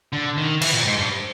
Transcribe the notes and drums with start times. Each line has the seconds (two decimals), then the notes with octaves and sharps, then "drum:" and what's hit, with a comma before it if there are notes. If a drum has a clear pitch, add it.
0.13 D3
0.38 D#3
0.62 E3, drum: cymbal
0.73 A#2
0.86 G#2
0.98 G2